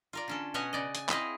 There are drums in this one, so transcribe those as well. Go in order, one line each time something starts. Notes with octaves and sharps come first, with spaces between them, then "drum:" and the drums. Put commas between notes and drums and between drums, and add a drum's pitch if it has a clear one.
F4 A#4 D5
D3 C#4 A4
B2 C#4 C#5 D#5 F#5 G#5
C#3 D5 D#5
G#5, drum: hi-hat
C4 E4 G#4 D#5 F5, drum: clap